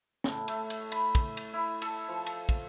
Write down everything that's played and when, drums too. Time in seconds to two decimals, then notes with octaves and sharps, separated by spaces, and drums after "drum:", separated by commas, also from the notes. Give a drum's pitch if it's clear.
0.24 A2, drum: snare
0.48 A3, drum: cymbal
0.70 drum: cymbal
0.92 B5, drum: cymbal
1.15 drum: kick, cymbal
1.37 drum: cymbal
1.54 E4
1.82 A4, drum: cymbal
2.08 F3
2.26 drum: cymbal
2.49 drum: kick, cymbal